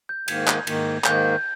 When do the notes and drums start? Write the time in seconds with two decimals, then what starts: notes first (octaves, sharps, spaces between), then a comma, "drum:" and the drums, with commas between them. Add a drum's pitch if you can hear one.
0.09 G6
0.28 G#2 D#3 A#3 G#6, drum: cymbal
0.48 drum: clap
0.67 G#2 D#3 A#3, drum: cymbal
1.04 G#2 D#3 A#3 G6, drum: clap